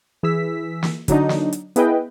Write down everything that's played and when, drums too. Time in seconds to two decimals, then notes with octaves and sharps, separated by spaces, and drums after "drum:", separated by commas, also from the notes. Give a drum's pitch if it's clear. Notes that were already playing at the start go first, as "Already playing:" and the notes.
0.23 E3 G#4 E6 B6
0.83 drum: snare
1.08 D3 F#3 D4 D#4, drum: kick, hi-hat
1.29 drum: snare
1.53 drum: hi-hat
1.76 B3 E4 G#4 B4 D#5 G5, drum: hi-hat